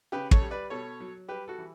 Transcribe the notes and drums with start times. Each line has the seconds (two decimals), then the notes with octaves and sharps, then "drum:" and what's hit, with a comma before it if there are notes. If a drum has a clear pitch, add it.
0.12 C#3 G4 B4
0.31 A4 C#5, drum: kick
0.41 G3
0.51 B4 D5
0.70 B2 A4 C#5
1.00 F#3
1.28 G3 G4 B4
1.48 F#4 A4
1.58 E3